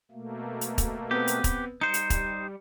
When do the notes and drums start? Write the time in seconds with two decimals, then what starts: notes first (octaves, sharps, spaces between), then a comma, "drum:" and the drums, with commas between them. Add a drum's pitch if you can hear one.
0.11 B2 A3 A#3
0.61 drum: hi-hat
0.78 drum: kick, hi-hat
1.11 B3 C4 G4 B4
1.27 drum: hi-hat
1.44 drum: kick, hi-hat
1.81 G3 D#4 C5 C#7
1.94 drum: hi-hat
2.10 drum: kick, hi-hat